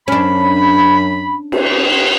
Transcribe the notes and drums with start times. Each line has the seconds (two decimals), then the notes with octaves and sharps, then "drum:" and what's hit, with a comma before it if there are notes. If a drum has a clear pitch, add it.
0.08 F#2 F#3 C#4 D4 B5
1.52 drum: cymbal